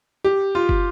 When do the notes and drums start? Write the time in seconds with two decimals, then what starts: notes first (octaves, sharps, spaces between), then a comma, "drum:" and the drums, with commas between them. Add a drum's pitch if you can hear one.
0.24 G4
0.55 F4
0.69 drum: kick